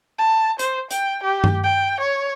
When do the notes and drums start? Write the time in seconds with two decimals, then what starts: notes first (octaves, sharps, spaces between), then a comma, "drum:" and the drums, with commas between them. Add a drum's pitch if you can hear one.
0.19 A5
0.59 C5, drum: hi-hat
0.91 G5, drum: hi-hat
1.23 G4
1.44 drum: tom G2
1.64 G5
2.00 C#5